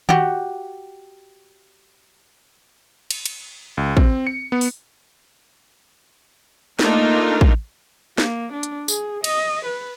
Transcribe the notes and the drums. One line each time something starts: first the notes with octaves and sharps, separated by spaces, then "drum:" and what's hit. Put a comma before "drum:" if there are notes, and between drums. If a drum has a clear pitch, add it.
F#4 G4, drum: tom D#3
drum: cymbal
drum: cymbal
C#2
C4, drum: kick
C#7
B3
drum: open hi-hat
A3 A#3 D4 D#4 F4 A#4, drum: snare
drum: kick
A#3, drum: snare
D4
drum: hi-hat
G#4, drum: tambourine
D#5, drum: cymbal
B4